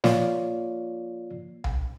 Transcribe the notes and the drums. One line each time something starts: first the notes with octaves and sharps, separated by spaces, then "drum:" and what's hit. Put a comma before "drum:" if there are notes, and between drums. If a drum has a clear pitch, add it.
F3 A#3 F4 C#5 D5, drum: snare
drum: tom C2